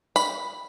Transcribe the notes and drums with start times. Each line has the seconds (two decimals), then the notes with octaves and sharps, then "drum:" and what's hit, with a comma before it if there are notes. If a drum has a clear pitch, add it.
0.16 B5, drum: tambourine